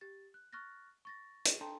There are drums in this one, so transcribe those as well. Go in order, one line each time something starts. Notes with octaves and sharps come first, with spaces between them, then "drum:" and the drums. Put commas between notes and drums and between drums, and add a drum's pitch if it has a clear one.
G4 A6
F#6
C#6 F6 F#6 A6 A#6
C#6 A6 A#6
drum: hi-hat
D4 A4 G5 A5 A#5 C6